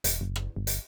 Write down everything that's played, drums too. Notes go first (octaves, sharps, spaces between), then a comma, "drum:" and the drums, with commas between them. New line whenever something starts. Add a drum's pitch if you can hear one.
E1, drum: hi-hat
F#1
drum: rim click
G1
drum: hi-hat